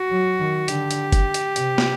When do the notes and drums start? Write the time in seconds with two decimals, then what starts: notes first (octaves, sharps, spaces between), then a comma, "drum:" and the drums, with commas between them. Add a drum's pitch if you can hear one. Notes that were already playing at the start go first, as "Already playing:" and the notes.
Already playing: F#4
0.10 F#3
0.40 D#3
0.68 D3 G4, drum: hi-hat
0.91 drum: hi-hat
1.12 drum: kick F#1, hi-hat
1.34 drum: hi-hat
1.56 C3, drum: hi-hat
1.78 drum: snare